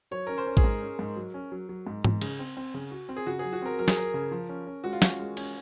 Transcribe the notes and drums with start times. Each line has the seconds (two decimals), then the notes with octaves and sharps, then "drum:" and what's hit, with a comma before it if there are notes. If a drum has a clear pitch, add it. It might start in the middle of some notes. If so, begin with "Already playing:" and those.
0.11 F#3 C#5
0.27 C#4 A#4
0.38 C5
0.46 C#4
0.57 G#4, drum: kick
0.64 G#2 A#4
0.82 C#4
0.99 G#2
1.16 F#3
1.34 C#4
1.52 F#3
1.69 F#3
1.87 G#2
2.04 G#2, drum: tom G#2
2.21 C#3, drum: cymbal
2.39 C4
2.57 C4
2.74 C#3
2.91 F#4
3.09 C4
3.16 G#4
3.26 C#3 F#4
3.39 G#4
3.44 F#3
3.53 F#4
3.62 C4 A#4
3.79 F#3 A#4
3.88 G#4, drum: snare
3.97 F#3 A#4
4.14 C#3
4.31 F3
4.49 C#4
4.67 C#4
4.84 G#3 F#4
4.93 F4
5.02 C#4 F#4, drum: snare
5.19 G#3
5.37 C#4, drum: cymbal